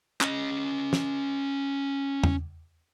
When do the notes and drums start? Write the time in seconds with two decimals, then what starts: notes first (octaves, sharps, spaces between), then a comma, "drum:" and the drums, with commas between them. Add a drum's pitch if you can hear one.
0.21 C#4 D#5, drum: clap
0.93 drum: snare
2.23 drum: tom E2